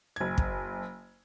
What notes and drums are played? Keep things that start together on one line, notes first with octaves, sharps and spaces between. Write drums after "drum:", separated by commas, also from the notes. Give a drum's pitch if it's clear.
F#1 G#6
drum: kick